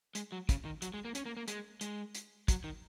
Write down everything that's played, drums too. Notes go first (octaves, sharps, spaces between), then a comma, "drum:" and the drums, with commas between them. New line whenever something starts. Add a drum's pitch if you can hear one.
G#3, drum: hi-hat
F#3
C#3, drum: kick, hi-hat
D#3
F#3, drum: hi-hat
G#3
A#3
C#4, drum: hi-hat
A#3
A#3
G#3, drum: hi-hat
G#3, drum: hi-hat
drum: hi-hat
F#3, drum: kick, hi-hat
D#3